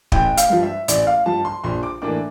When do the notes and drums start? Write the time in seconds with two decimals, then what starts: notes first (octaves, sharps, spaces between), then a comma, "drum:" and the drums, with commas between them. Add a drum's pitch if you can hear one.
0.12 A1 G5, drum: kick
0.37 F5, drum: hi-hat
0.50 G2 F3
0.63 E5
0.88 A1 D5, drum: hi-hat
1.07 F5
1.26 G2 F3 A5
1.45 C6
1.64 A#1 C6
1.83 D6
2.02 A2 E3 A#3 D4 D6